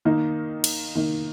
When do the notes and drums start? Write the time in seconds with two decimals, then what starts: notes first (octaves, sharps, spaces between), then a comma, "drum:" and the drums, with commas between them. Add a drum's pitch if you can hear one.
0.05 D#3 A#3 D#4
0.64 drum: cymbal
0.95 D#3 A#3 D#4